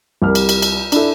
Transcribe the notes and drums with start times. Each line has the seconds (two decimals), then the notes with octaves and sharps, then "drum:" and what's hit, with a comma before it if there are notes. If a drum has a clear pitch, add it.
0.22 C2 G3 A#4 F6
0.35 drum: cymbal
0.49 drum: cymbal
0.62 drum: cymbal
0.92 D4 E4 A4, drum: cymbal